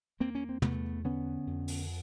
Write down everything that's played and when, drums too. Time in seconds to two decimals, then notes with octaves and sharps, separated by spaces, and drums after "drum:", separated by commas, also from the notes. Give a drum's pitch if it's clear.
0.20 E2 A#3 C4
0.35 C#4
0.49 C4
0.62 E2 A3 B3, drum: tom
1.04 D3 B3 C#4
1.47 F2
1.68 drum: open hi-hat